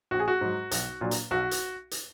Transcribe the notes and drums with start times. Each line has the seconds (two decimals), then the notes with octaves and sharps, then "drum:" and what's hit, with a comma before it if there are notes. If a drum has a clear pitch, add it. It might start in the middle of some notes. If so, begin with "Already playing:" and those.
0.11 A#1 F#4
0.19 G#4
0.28 F#4
0.41 G#2 F#3
0.71 B1, drum: hi-hat
1.01 A#2 F#3 D4
1.11 drum: hi-hat
1.31 B1 F#4
1.51 drum: hi-hat
1.91 drum: hi-hat